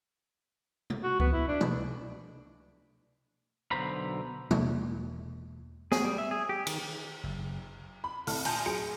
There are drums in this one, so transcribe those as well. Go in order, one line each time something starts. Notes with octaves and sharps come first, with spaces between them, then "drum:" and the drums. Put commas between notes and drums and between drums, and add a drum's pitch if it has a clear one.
drum: tom
F#4
B3, drum: kick C#2
E4
D4
drum: tom
B1 B2 D3 C5 A#5 B5
E1 G#3 A#3, drum: tom
G#4, drum: snare
G3
E5
G#4
G4
D#3, drum: cymbal
F#1
B5
C2 A3 A5 F6, drum: open hi-hat
A#1 G#5 A5 G6, drum: cymbal
F#3 G#4 C#7 D7